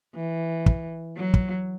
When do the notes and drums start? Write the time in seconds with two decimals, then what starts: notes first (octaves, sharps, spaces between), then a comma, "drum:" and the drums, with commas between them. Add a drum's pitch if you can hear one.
0.16 E3
0.66 drum: kick
1.17 F#3
1.34 drum: kick